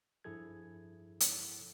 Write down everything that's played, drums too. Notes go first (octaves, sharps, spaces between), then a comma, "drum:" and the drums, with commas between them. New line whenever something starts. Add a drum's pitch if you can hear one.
G2 F3 E4 G#4 A4 G#6
drum: hi-hat